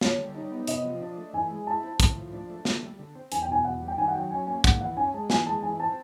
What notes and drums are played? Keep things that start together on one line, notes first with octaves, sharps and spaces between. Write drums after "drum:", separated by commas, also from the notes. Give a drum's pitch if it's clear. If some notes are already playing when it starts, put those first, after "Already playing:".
D3 C#5, drum: snare
G3
D#4
B3
C3 D#5, drum: hi-hat
F3
D4
A3
E3 G#5
G#3
E4 A5
C4
A2, drum: kick, hi-hat
F3
D4
A3
D3, drum: snare
G3
D3
C4
E2 G#5, drum: hi-hat
G5
B2 G#5
E2 F#5
G3
G5
D#3 G#5
F#5
F#3 G5
C#4 G#5
A#3 G#5
G#2 F#5, drum: kick, hi-hat
E3 F#5
C#4 G#5
G#3 A5
E3 G#5, drum: snare
G#3 A5
E3 G#5
C4 A5